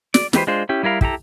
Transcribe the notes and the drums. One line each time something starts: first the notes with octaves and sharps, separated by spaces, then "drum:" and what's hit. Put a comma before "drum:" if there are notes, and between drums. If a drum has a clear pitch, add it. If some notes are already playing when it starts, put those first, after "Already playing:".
D5, drum: snare
E3 G#3 G4 B4 C5, drum: snare
G#3 D4 F4 C5
C#4 E4 G4
G3 E4 A#4 F5
E4 G4 A4 A#5, drum: kick